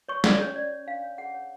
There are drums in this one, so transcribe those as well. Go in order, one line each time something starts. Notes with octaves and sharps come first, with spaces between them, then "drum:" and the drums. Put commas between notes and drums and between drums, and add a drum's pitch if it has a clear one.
C#5 C#6
C#4 D5, drum: snare
C#4 C#5
C#4 D5
C#5
D4 F5
C#5
G#4 F#5
C#5